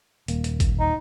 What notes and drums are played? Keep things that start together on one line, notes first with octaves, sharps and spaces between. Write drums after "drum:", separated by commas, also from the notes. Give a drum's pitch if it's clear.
D#1 A#3, drum: hi-hat
drum: hi-hat
drum: kick G#1, hi-hat
D#4